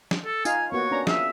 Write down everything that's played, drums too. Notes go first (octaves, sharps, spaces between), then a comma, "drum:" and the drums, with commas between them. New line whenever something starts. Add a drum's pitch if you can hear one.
drum: snare
A4
D#4 F4 F5 G#5, drum: tambourine
A#3 B3 F#4 C#5
C#4 D4 A#5
F4 G#4 E5 F5, drum: snare